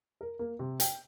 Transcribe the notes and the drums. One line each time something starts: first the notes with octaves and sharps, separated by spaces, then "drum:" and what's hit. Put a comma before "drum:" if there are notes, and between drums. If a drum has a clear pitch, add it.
A#4
A#3
C3
G5, drum: hi-hat